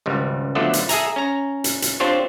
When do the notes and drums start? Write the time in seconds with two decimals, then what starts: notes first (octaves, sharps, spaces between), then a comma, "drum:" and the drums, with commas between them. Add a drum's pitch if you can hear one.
0.06 G#1 C#2 G3
0.55 D3 F3 F#3 A3 B3 A4
0.73 drum: hi-hat
0.89 G#4 A4 E5 G#5 A#5, drum: hi-hat
1.16 C#4 A#5
1.64 drum: hi-hat
1.82 drum: hi-hat
2.00 C4 D4 F4 G4 C5 C#5